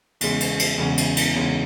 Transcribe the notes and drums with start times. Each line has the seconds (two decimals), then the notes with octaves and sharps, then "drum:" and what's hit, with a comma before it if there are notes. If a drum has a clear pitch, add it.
0.21 E2 C#3 G#3, drum: cymbal
0.40 drum: cymbal
0.59 drum: cymbal
0.78 E2 C#3 G#3
0.98 drum: cymbal
1.17 drum: cymbal
1.36 E2 C#3 G#3